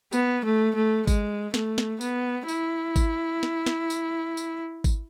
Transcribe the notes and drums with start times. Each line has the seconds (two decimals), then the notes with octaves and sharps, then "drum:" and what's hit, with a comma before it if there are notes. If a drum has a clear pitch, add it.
0.13 B3, drum: tambourine
0.44 A3
0.75 A3
1.07 G#3, drum: kick G#1, tambourine
1.54 A3, drum: snare
1.78 drum: snare
2.01 B3, drum: tambourine
2.48 E4, drum: tambourine
2.96 drum: kick G#1, tambourine
3.43 drum: snare
3.66 drum: snare
3.90 drum: tambourine
4.37 drum: tambourine
4.84 drum: kick G#1, tambourine